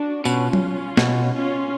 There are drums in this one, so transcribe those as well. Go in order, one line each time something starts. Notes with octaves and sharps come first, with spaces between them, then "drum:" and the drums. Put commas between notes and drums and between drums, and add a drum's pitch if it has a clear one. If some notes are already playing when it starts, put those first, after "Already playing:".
Already playing: D4 F#4
B2 C#4 F4, drum: tambourine
drum: tom F#3
B2, drum: snare
C#4 F4